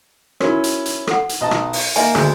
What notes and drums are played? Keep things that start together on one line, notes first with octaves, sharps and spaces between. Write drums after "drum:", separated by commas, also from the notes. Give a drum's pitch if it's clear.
C#4 E4 F#4 A#4, drum: rim click
drum: hi-hat
drum: hi-hat
A4 F#5, drum: rim click
drum: hi-hat
B1 D#5 A5
drum: rim click
drum: open hi-hat
A#3 D#5 E5 G#5, drum: hi-hat
D2 G#4, drum: rim click